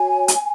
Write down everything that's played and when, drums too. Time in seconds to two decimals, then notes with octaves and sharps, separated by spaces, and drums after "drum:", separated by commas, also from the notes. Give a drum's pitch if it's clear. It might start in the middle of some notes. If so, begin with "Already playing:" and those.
Already playing: F#4 C#5 G#5
0.28 drum: hi-hat